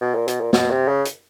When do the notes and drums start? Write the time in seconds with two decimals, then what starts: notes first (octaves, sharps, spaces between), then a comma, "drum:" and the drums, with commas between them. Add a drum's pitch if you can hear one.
0.01 B2
0.15 A#2
0.28 B2, drum: hi-hat
0.41 A#2
0.53 B2, drum: snare
0.70 C3
0.88 C#3
1.05 drum: hi-hat